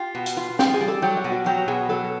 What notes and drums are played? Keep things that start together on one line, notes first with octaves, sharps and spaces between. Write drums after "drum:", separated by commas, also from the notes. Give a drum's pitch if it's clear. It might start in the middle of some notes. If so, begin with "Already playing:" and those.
Already playing: F4 G4
B2
drum: hi-hat
F4
F4 G4, drum: snare
G#4
G3
A4
F#3 G4
F#4
B2
F#4
F#3 G4
B2 G#4
F#3 A4